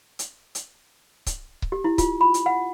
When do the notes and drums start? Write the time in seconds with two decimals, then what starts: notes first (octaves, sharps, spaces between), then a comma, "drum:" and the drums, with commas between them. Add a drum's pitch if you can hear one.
0.19 drum: hi-hat
0.55 drum: hi-hat
1.26 drum: kick C#1, hi-hat
1.62 drum: kick C#1
1.72 G4
1.84 E4
1.98 F4, drum: kick C#1, hi-hat
2.21 B5
2.34 drum: hi-hat
2.46 F#5